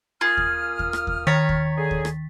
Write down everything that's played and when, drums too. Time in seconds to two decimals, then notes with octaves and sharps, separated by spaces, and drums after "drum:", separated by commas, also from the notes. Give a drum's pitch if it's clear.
0.21 A#3 F4 G#4 D#6 F6
0.37 drum: kick D#2
0.79 drum: kick D#2
0.93 drum: rim click
1.07 drum: kick D#2
1.27 D#3 C#5 A#5 A6 B6
1.49 drum: kick D#2
1.77 D3 G#4
1.91 drum: kick D#2
2.05 drum: rim click